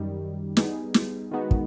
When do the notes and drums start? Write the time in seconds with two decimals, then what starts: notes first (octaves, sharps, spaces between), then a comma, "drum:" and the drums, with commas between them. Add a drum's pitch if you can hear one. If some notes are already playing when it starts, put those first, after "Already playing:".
Already playing: F#2 D#3 G3
0.57 G3 B3 D#4 G#4, drum: snare
0.94 drum: snare
1.31 D#3 G#3 B3 D#4 F#4
1.51 drum: kick